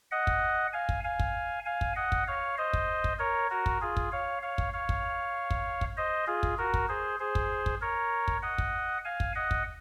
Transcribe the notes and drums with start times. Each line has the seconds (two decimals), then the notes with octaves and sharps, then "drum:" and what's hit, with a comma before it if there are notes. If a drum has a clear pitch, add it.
0.11 D#5 F#5
0.27 drum: kick
0.73 F5 G#5
0.89 drum: kick
1.04 F5 G#5
1.20 drum: kick
1.65 F5 G#5
1.81 drum: kick
1.96 D#5 F#5
2.12 drum: kick
2.27 C#5 F5
2.58 C5 D#5
2.73 drum: kick
3.04 drum: kick
3.19 A#4 C#5
3.50 F#4 A#4
3.66 drum: kick
3.81 F4 G#4
3.97 drum: kick
4.12 C#5 F5
4.42 C#5 F5
4.58 drum: kick
4.73 C#5 F5
4.89 drum: kick
5.51 drum: kick
5.81 drum: kick
5.97 C5 D#5
6.27 F4 G#4
6.43 drum: kick
6.58 F#4 A#4
6.74 drum: kick
6.89 G#4 C5
7.19 G#4 C5
7.35 drum: kick
7.66 drum: kick
7.81 A#4 C#5
8.28 drum: kick
8.42 D#5 F#5
8.58 drum: kick
9.05 F5 G#5
9.20 drum: kick
9.35 D#5 F#5
9.51 drum: kick